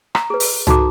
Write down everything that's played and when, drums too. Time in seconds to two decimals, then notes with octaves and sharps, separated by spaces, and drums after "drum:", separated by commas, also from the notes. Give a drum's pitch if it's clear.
0.15 A#5, drum: rim click
0.30 G#4 B4
0.40 drum: open hi-hat
0.67 D#4 F#4 A4 A#5 D6, drum: tom C2